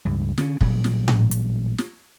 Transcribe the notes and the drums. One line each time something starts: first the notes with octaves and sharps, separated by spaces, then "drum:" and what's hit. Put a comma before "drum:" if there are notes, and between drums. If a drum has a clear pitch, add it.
C#2 G2
D3 C#4, drum: snare
A1 A#2 F#3 G3, drum: kick
drum: snare
drum: tom A2
drum: hi-hat
drum: snare